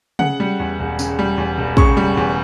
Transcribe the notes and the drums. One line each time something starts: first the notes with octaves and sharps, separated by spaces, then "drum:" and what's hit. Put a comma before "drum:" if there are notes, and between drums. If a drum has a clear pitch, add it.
C#3 F#5, drum: tom
G3
E2
E1
C#3, drum: tambourine
G3
E2
E1
C#3 C#6, drum: kick
G3
E2